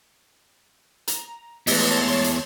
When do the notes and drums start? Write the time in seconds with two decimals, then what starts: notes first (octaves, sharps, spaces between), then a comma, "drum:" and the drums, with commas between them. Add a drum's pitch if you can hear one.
1.08 A#5, drum: hi-hat
1.67 E2 G#3 A3 B4 C#5 A5 C6, drum: open hi-hat
2.24 drum: hi-hat